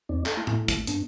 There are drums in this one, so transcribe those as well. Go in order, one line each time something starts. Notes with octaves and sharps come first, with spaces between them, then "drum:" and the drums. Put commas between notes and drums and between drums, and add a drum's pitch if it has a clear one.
E2 C4 D#4 D5
A4, drum: clap
A3 E4
drum: tom A2
drum: kick, hi-hat
G2 B3 D4, drum: hi-hat